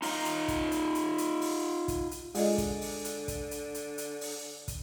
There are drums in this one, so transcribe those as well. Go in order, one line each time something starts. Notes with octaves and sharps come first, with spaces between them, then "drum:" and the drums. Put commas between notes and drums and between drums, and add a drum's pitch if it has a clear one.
D#4 F4 D#5 F#5 A#5, drum: open hi-hat
drum: hi-hat
drum: kick, hi-hat
drum: hi-hat
drum: hi-hat
drum: hi-hat
drum: open hi-hat
drum: kick, hi-hat
drum: hi-hat
D3 G#3 F4 G#4 D5 D#5, drum: open hi-hat
drum: kick, hi-hat
drum: open hi-hat
drum: hi-hat
drum: kick, hi-hat
drum: hi-hat
drum: hi-hat
drum: hi-hat
drum: open hi-hat
drum: kick, hi-hat